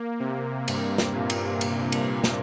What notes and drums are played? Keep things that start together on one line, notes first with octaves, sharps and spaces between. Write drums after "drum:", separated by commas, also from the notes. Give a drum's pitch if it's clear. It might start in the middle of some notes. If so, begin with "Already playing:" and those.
Already playing: A#3
C3
G2, drum: cymbal
drum: snare
A#2
drum: cymbal
drum: cymbal
drum: cymbal
drum: snare